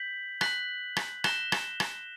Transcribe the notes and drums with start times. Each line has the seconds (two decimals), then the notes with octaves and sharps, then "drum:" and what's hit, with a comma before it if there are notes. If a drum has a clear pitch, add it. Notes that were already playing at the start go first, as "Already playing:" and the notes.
Already playing: G6 B6 F#7
0.41 F#6 B6 F#7, drum: rim click
0.97 drum: rim click
1.24 F#6 A#6 E7 G7, drum: rim click
1.52 drum: rim click
1.80 drum: rim click